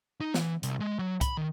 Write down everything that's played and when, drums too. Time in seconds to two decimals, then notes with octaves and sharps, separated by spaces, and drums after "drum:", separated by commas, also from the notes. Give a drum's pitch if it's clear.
0.21 D#4
0.34 E3, drum: snare
0.63 C2, drum: hi-hat
0.80 G#3
0.99 F#3
1.21 B5, drum: kick C2, hi-hat
1.37 D#3